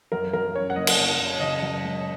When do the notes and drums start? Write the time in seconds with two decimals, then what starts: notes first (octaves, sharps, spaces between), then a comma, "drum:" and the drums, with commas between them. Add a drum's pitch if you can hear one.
0.12 F#2 A#4
0.33 F#2 A#4
0.55 C#4 C#5
0.70 F#5
0.76 F#1 D#5
0.87 drum: cymbal
0.97 F#1
1.19 F#1
1.41 C#3 D#5
1.62 F#2
1.85 G#3